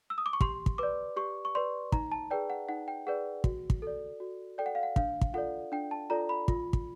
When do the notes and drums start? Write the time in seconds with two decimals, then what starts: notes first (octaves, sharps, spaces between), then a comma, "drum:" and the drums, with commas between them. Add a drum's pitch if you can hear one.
0.10 E6
0.18 D#6
0.26 D6
0.33 C#6
0.41 G4 C6, drum: kick
0.66 drum: kick
0.78 B4 D5 D6
1.17 G4 C#6
1.45 C#6
1.55 B4 D5 C6
1.92 D#4 A#5, drum: kick
2.12 A5
2.31 G#4 B4 D5 G5
2.50 F#5
2.68 D#4 F#5
2.88 G5
3.07 G#4 B4 D5 F#5
3.44 F#4, drum: kick
3.70 drum: kick
3.82 A4 D5
4.20 F#4
4.58 A4 D5 G5
4.66 F#5
4.75 F5
4.83 F#5
4.96 D4 F5, drum: kick
5.21 drum: kick
5.33 F4 A4 D5 F#5
5.72 D4 G5
5.91 A5
6.10 F4 A4 D5 A#5
6.29 B5
6.48 F4, drum: kick
6.73 drum: kick